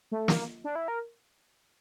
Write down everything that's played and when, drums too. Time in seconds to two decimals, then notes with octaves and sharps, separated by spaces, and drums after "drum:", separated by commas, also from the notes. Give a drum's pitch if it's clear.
0.12 A3
0.28 A#3, drum: snare
0.64 D4
0.75 E4
0.88 A#4